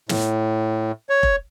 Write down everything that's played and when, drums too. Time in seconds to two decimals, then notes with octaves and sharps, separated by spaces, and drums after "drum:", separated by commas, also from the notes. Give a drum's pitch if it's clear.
0.09 A2, drum: snare
1.09 C#5
1.23 drum: kick F1